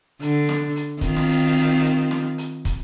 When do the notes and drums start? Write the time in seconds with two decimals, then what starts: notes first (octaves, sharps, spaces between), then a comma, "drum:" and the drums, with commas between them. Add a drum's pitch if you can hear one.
0.22 D3, drum: hi-hat
0.49 drum: snare
0.76 drum: hi-hat
1.01 D#3 C4 F4, drum: kick, hi-hat
1.16 drum: snare
1.30 drum: hi-hat
1.57 drum: hi-hat
1.84 drum: hi-hat
2.11 drum: snare
2.38 drum: hi-hat
2.65 drum: kick, hi-hat